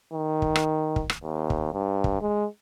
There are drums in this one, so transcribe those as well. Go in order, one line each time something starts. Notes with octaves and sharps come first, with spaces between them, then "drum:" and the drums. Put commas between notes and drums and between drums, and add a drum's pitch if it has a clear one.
D#3
drum: kick
drum: rim click
drum: kick
drum: rim click
D#2
drum: kick
G2
drum: kick
G#3